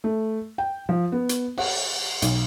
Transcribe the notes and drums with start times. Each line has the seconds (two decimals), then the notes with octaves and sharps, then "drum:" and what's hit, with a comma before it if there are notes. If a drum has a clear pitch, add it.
0.04 A3
0.58 G5
0.89 F3
1.12 B3
1.29 drum: hi-hat
1.58 F#5, drum: cymbal
2.22 B1, drum: hi-hat